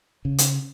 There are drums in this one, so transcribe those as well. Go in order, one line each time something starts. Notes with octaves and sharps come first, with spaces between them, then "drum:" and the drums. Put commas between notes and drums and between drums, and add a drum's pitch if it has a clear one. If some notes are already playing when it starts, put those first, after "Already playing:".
C#3
drum: hi-hat